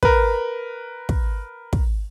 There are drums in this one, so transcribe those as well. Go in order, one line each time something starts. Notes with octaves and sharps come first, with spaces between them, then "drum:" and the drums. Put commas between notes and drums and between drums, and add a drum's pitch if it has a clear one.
A#4 B4, drum: kick
drum: kick
drum: kick